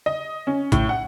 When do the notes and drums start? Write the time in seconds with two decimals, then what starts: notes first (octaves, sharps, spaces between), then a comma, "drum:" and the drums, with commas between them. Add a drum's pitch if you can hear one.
0.06 D#5
0.47 C#4
0.72 A2, drum: kick A1, hi-hat
0.89 F#5